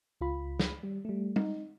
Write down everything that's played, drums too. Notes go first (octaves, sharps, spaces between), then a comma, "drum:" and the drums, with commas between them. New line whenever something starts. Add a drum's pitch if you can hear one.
C#2 F4 B5
drum: snare
G3
G3 A3
D#4, drum: tom G3